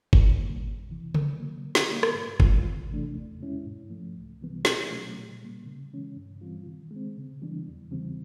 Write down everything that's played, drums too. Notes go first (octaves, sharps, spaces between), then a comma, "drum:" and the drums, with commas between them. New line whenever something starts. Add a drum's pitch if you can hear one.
A#2, drum: kick G1
G3 A#3
F2
C3 E3
C#3, drum: tom C#3
F#3 A#3
D3
drum: snare
G3 A#3
drum: rim click
G#2
E3 G#3 C4 F4, drum: kick G1
D2
C3 E3 A3 D4
E2
B2 G#3 C#4 E4
G#2
F3 A3
C2
C3 E3 G3 B3
B2, drum: snare
F#3 A3 C#4
A#2
G3 A#3
C#3
E3 G#3 C#4
G2
E3 G3 C4 F4
D#3
G#3
C4
C#3
E3 G3 B3 D4
E2
C#3 E3 G3 C4